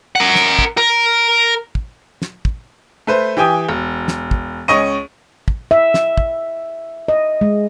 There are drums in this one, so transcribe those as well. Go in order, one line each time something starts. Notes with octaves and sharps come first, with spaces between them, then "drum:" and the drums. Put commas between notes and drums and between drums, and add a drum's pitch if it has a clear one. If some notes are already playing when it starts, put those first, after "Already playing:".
A#4 F#5
drum: snare
drum: kick
A#4
drum: kick
drum: snare
drum: kick
A3 B4 C5
E3 G4 G5 G#5 D#6
E1
drum: snare
drum: kick
C#2 C#4 D#5 C#6 D#7
drum: kick
E5
drum: snare
drum: kick
D#5
G#3